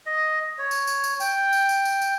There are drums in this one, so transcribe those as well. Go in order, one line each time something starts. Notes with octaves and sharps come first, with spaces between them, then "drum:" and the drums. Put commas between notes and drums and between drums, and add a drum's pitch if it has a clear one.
D#5
C#5
drum: tambourine
drum: tambourine
drum: tambourine
G5, drum: tambourine
drum: tambourine
drum: tambourine
drum: tambourine
drum: tambourine